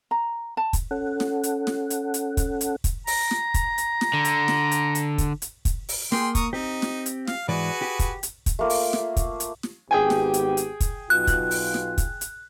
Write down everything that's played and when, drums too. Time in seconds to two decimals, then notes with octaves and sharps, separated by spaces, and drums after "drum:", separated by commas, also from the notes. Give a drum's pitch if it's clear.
0.11 A#5
0.57 A5
0.73 drum: kick, hi-hat
0.91 C#4 A4 F#5
1.20 drum: snare
1.43 drum: hi-hat
1.67 drum: snare
1.90 drum: hi-hat
2.14 drum: hi-hat
2.37 drum: kick, hi-hat
2.61 drum: hi-hat
2.84 drum: kick, hi-hat
3.07 A#5, drum: open hi-hat
3.31 drum: snare
3.54 drum: kick, hi-hat
3.78 drum: hi-hat
4.01 drum: snare
4.14 D3
4.25 drum: hi-hat
4.48 drum: snare
4.71 drum: hi-hat
4.95 drum: hi-hat
5.18 drum: kick, hi-hat
5.42 drum: hi-hat
5.65 drum: kick, hi-hat
5.89 drum: open hi-hat
6.12 A#3 G#4 G5 C6, drum: snare
6.35 A#5 C#6 D#6, drum: kick, hi-hat
6.53 C4 D#4 G4
6.82 drum: snare
7.06 drum: hi-hat
7.28 F5, drum: snare
7.48 G#2 E3 F#4 G#4 B4 D5
7.82 G4
7.99 drum: kick, hi-hat
8.23 drum: hi-hat
8.46 drum: kick, hi-hat
8.59 A3 A#3 F4
8.70 drum: open hi-hat
8.93 drum: snare
9.17 drum: kick, hi-hat
9.40 drum: hi-hat
9.63 drum: snare
9.91 G#1 B3 G4 G#4 G5 G#5
10.10 drum: snare
10.34 drum: hi-hat
10.57 drum: hi-hat
10.80 drum: kick, hi-hat
11.10 B1 B2 F4 F#6
11.27 drum: kick, hi-hat
11.51 drum: open hi-hat
11.74 drum: snare
11.98 drum: kick, hi-hat
12.21 drum: hi-hat